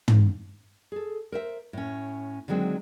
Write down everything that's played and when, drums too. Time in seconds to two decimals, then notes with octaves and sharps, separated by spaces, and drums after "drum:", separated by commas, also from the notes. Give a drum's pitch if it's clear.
0.08 drum: tom
0.92 G#4 A4
1.32 A#4 C5 E5
1.73 A2 C#4
2.48 D3 D#3 F#3 G#3 C4